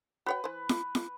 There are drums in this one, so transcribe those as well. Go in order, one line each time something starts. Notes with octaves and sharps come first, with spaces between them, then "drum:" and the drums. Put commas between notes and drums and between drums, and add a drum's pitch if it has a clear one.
F#4 B4 C#5 G5
E3 C5
drum: snare
drum: snare